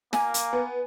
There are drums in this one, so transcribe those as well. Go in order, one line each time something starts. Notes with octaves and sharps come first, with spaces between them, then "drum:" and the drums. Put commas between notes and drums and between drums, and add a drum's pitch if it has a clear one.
A#3 G#5, drum: snare
drum: hi-hat
B3